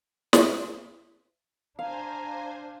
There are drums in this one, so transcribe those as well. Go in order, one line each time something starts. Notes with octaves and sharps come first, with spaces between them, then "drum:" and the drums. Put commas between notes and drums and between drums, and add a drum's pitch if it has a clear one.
drum: snare
D4 C5 F5 G#5 A#5